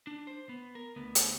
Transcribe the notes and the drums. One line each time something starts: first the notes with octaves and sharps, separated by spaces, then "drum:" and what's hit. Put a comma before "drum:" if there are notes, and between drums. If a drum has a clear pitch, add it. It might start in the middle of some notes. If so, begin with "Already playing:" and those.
D4
C5
B3
A#4
D2 B3
drum: hi-hat